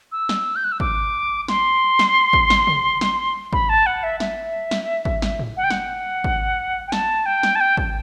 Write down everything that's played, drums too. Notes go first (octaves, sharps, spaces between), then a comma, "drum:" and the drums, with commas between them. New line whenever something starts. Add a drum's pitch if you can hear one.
E6
drum: snare
G6
F#6
E6
D6, drum: kick
C6, drum: snare
drum: snare
drum: kick
drum: snare
drum: tom C3
drum: snare
B5, drum: kick
A5
F#5
E5
E5, drum: snare
drum: snare
drum: kick
drum: snare
drum: tom G#2
F#5
G5
F#5, drum: snare
drum: kick
G5
A5, drum: snare
G5
drum: snare
A5
G5
drum: kick